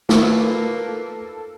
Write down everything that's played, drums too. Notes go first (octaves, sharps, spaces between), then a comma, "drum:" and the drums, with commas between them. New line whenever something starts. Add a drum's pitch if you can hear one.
A#3 D#4 F4 A4 B4 E5 B5, drum: snare